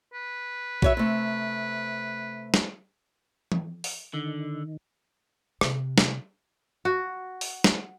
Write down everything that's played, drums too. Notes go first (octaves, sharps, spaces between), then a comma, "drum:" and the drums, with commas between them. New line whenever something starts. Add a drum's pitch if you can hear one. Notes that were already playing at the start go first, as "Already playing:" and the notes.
B4
F#4 C#5 E5, drum: kick B1
C3 A3
drum: snare
drum: tom E3
drum: open hi-hat
D3 D#3
C3, drum: rim click
drum: snare
F#4
drum: open hi-hat
drum: snare